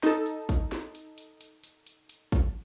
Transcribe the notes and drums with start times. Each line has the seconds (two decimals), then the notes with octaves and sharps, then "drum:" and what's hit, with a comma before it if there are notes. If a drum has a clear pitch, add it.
0.03 D#4 A4, drum: snare
0.26 drum: hi-hat
0.49 drum: kick, hi-hat
0.72 drum: snare
0.95 drum: hi-hat
1.18 drum: hi-hat
1.41 drum: hi-hat
1.64 drum: hi-hat
1.86 drum: hi-hat
2.09 drum: hi-hat
2.32 drum: kick, hi-hat